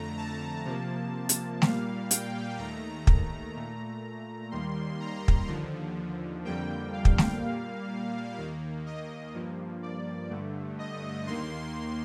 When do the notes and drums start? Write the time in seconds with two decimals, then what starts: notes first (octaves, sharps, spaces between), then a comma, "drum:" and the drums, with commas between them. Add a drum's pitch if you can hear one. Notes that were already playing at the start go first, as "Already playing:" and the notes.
Already playing: F2 D3 A3 A#5
0.17 A5
0.65 C3 F3 A#3
1.29 drum: hi-hat
1.62 A#2 G3 A#3 F5, drum: snare A3
2.11 G5, drum: hi-hat
2.58 D#2 D#3 A3 A#5
3.07 drum: kick
3.56 A#2 A3
4.51 D#2 D#3 G3 A#3 C6
5.00 A#5
5.28 drum: kick
5.48 D#2 D3 F3
6.44 F2 D3 G3 A#3 G5
6.93 F5
7.05 drum: kick
7.18 drum: snare A3
7.41 A#2 G3 A#3 F5
8.38 D#2 D#3 A#3
8.86 D#5
9.34 G2 F3 A#3
9.83 D5
10.30 G2 D3 A3
10.79 D#5
11.27 D#2 D#3 A#3 C6